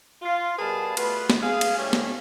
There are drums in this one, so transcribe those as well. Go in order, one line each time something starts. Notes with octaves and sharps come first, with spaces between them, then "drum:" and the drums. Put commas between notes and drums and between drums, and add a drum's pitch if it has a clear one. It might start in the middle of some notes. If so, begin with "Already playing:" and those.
F4
B2 G3 G#4 A#4 B4 A5
A3 B3 F4 F#4 B4, drum: cymbal
drum: snare
G#4 F5
drum: cymbal
A2 G3 A3 C#4 G4 C#5
drum: snare